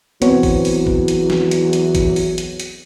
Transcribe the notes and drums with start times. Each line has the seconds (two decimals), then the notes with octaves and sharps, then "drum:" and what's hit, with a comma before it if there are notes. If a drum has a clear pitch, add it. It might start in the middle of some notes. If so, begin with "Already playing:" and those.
0.22 E2 F#3 B3 C4 C#5, drum: hi-hat
0.43 drum: kick G#1, open hi-hat
0.65 drum: open hi-hat
0.87 drum: kick G#1
1.08 drum: hi-hat
1.30 drum: snare
1.51 drum: hi-hat
1.73 drum: hi-hat
1.95 drum: kick G#1, hi-hat
2.16 drum: open hi-hat
2.38 drum: hi-hat
2.60 drum: hi-hat